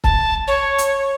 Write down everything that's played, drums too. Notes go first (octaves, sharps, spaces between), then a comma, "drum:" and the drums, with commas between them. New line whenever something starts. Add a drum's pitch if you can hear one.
A5, drum: kick C#1
C#5
drum: hi-hat